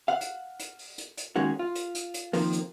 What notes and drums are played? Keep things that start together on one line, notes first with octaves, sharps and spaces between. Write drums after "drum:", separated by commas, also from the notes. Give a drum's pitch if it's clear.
F5 F#5
drum: hi-hat
drum: hi-hat
drum: open hi-hat
drum: hi-hat
drum: hi-hat
D#3 G#3 A#3 C#4 F#4
F4
drum: hi-hat
drum: hi-hat
drum: hi-hat
C3 D#3 F3 A#3, drum: open hi-hat
drum: hi-hat